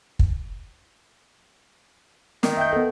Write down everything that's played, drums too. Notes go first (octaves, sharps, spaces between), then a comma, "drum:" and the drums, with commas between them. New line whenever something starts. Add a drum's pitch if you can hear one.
drum: kick
D#3, drum: snare
E5 G5 G6
B3 A4